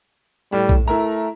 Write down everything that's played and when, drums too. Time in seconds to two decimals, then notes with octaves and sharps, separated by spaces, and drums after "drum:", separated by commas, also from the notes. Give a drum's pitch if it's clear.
0.52 A2 G3, drum: tambourine
0.69 drum: kick B1
0.88 A3 E4 A#4 A#5, drum: tambourine